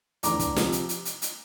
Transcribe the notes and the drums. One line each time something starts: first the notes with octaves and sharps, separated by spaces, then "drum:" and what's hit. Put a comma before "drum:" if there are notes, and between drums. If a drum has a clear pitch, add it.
F1 E2 D3 A#5 D6, drum: hi-hat
drum: kick, hi-hat
C3 F3, drum: snare
drum: hi-hat
drum: hi-hat
drum: hi-hat
drum: hi-hat